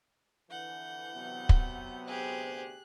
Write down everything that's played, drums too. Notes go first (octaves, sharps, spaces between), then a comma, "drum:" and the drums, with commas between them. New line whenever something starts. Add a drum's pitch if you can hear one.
F2 D3 E3 F#5 G6
C3 F#3 B3
drum: kick
D2 G4 G#4 C5 F#6